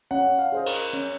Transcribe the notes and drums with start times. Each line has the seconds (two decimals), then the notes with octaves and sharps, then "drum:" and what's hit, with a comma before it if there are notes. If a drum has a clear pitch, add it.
0.11 C#4 F#5
0.39 F5
0.52 G#4 C5 D#5
0.66 A#4, drum: cymbal
0.93 C#4